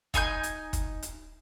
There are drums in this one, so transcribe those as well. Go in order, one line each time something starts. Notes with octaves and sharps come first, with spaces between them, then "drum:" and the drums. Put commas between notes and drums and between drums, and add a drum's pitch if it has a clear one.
D#4 G#5 C6 G6, drum: kick, hi-hat
drum: hi-hat
drum: kick, hi-hat
drum: hi-hat